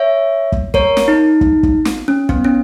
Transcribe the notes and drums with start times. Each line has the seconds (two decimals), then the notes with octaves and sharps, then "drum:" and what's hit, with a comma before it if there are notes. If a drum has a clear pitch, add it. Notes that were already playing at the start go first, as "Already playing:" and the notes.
Already playing: C#5 E5
0.52 drum: kick
0.74 A#4 C#5, drum: kick
0.97 drum: snare
1.08 D#4
1.41 drum: kick
1.63 drum: kick
1.85 drum: snare
2.08 C#4
2.29 B3, drum: kick
2.44 C#4